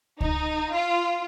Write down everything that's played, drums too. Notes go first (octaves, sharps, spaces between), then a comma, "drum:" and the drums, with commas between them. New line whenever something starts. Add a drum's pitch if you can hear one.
D#4, drum: kick C#2
F4